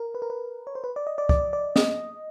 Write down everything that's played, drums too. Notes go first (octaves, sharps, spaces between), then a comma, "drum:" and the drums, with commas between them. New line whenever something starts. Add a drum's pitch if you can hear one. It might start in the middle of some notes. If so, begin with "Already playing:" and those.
Already playing: A#4
B4
A#4
B4
C#5
C5
B4
D5
D#5
D5
D5, drum: kick
D5
D#5, drum: snare